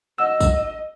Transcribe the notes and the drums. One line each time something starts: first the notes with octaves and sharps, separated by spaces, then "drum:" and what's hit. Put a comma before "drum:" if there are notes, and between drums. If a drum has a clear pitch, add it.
F#4 D#5 E6
drum: kick, tambourine